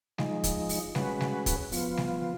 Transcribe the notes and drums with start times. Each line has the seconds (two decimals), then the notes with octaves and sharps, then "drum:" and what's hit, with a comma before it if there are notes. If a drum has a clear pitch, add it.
0.18 F3 G#3 D#4, drum: snare G3
0.44 drum: kick, hi-hat
0.69 drum: open hi-hat
0.95 G#3 C#4 F#4 B4, drum: snare G3
1.20 drum: snare G3
1.46 drum: kick, hi-hat
1.72 F3 B3 F4, drum: open hi-hat
1.97 drum: snare G3